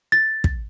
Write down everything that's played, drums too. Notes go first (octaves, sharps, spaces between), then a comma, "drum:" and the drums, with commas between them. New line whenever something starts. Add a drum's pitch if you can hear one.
A6
drum: kick